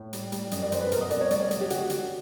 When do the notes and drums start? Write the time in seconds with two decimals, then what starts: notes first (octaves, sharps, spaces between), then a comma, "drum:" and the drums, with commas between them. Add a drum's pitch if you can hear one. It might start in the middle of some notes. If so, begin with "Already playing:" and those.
Already playing: A2
0.13 G3, drum: hi-hat
0.32 G3, drum: hi-hat
0.51 F#2 D#5, drum: hi-hat
0.62 D5
0.72 F#2 C5, drum: hi-hat
0.81 B4
0.92 B2 A#4, drum: hi-hat
1.01 D#5
1.10 C2 D5, drum: hi-hat
1.21 C#5
1.31 C2 D5, drum: hi-hat
1.40 D#5
1.51 F#3, drum: hi-hat
1.61 G4
1.70 D3 F#4, drum: hi-hat
1.90 D3, drum: hi-hat